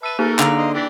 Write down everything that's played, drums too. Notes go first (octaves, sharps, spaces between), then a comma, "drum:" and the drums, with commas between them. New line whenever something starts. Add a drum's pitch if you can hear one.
B4 E5 A5 E6 D#7
A3 A#3 D#4 G#4 A#4
D3 F5 A#5, drum: clap
C5 D#5
E3 D4 G4